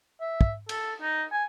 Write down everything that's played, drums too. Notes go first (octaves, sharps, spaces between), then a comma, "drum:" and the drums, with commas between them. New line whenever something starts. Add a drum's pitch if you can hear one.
E5
drum: kick
A4, drum: cymbal
D#4
G#5